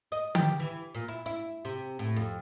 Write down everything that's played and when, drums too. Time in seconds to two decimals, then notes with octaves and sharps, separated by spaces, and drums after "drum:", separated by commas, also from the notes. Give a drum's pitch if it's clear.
0.12 D#5
0.35 G4, drum: tom
0.60 E3
0.95 A#2
1.08 E4
1.26 E4
1.65 C3
1.99 A2
2.16 F2